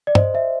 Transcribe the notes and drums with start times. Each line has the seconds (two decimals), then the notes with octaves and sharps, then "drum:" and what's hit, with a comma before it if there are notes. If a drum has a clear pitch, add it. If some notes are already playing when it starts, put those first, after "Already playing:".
0.07 D5
0.15 C5 D#5, drum: tom
0.34 C5 E5